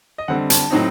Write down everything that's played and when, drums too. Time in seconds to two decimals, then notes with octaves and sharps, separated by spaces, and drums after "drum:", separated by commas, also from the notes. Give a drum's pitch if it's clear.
0.18 D#5
0.28 D3 G3 C4 F#5
0.50 A5, drum: hi-hat
0.70 A2 F#3 C4 D#4